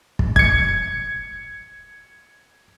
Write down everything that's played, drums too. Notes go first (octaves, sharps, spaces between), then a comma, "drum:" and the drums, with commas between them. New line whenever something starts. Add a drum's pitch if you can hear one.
drum: kick
G#6 C#7, drum: kick